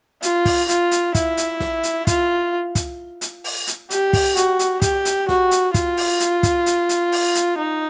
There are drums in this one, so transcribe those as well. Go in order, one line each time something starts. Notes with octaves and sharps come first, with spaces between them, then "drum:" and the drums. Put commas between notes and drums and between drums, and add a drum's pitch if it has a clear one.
F4, drum: hi-hat
drum: kick, open hi-hat
F4, drum: hi-hat
drum: hi-hat
E4, drum: kick, hi-hat
drum: hi-hat
drum: snare
drum: hi-hat
F4, drum: kick, hi-hat
drum: kick, hi-hat
drum: hi-hat
drum: open hi-hat
drum: hi-hat
G4, drum: hi-hat
drum: kick, open hi-hat
F#4, drum: hi-hat
drum: hi-hat
G4, drum: kick, hi-hat
drum: hi-hat
F#4, drum: snare
drum: hi-hat
F4, drum: kick, hi-hat
drum: open hi-hat
drum: hi-hat
drum: kick, hi-hat
drum: hi-hat
drum: hi-hat
drum: open hi-hat
drum: hi-hat
D#4